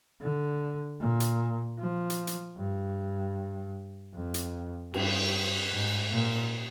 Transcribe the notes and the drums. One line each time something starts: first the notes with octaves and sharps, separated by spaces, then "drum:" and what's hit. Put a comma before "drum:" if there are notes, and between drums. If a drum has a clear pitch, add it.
D3
A#2
drum: hi-hat
F3
drum: hi-hat
drum: hi-hat
G2
F2
drum: hi-hat
G2, drum: cymbal
G#2
A#2